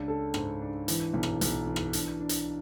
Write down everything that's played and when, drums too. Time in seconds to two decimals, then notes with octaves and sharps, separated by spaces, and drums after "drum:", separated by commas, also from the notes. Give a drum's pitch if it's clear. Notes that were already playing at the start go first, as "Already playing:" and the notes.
Already playing: C#2 D4
0.08 A4
0.34 G#2, drum: rim click
0.61 D4
0.88 E3, drum: hi-hat
1.13 B1
1.23 drum: rim click
1.41 B1, drum: hi-hat
1.67 E3
1.76 drum: rim click
1.93 D4, drum: hi-hat
2.20 D4
2.29 drum: hi-hat